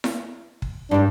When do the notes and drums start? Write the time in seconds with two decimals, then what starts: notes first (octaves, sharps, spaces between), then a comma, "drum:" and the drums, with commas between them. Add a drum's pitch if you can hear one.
0.04 drum: snare E4
0.62 drum: kick
0.91 G2 G3 D4